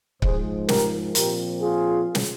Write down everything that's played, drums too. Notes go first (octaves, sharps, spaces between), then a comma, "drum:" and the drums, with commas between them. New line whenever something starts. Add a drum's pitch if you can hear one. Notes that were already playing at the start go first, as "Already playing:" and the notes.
G#2 F3 G#3 G#4 C5, drum: kick C#1
G4 A#4, drum: snare
A#2 F3 C4 G4 A#4, drum: hi-hat
F4 G#4
drum: snare